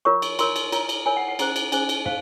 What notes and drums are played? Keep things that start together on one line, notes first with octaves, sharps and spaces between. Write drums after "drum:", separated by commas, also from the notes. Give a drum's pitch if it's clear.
F4 A#4 C#5 C#6
drum: cymbal
F4 A#4 C#5 C6, drum: cymbal
drum: cymbal
F4 A#4 C#5 A#5, drum: cymbal
drum: cymbal
F4 A#4 C#5 G#5
F#5
F#5
C#4 G#4 C5 A#5, drum: cymbal
drum: cymbal
C#4 G#4 C5 G#5, drum: cymbal
drum: cymbal
C5 F5, drum: tom